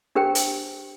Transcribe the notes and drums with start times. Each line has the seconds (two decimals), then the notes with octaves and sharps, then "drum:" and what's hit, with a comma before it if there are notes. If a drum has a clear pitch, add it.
0.15 D4 G4 A#4 C5 G5
0.35 drum: hi-hat